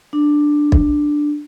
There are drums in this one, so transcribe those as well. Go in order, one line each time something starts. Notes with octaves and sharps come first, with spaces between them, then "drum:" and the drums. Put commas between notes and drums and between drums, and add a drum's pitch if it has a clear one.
D4
drum: kick